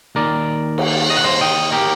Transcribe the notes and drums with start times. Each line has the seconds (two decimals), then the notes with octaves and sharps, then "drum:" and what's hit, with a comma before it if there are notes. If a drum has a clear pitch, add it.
0.15 D#2 D#3 A#4 D5
0.78 drum: cymbal
1.10 D#5
1.17 F#5
1.24 C5 D#5
1.41 D#5 G5
1.72 G4 A#4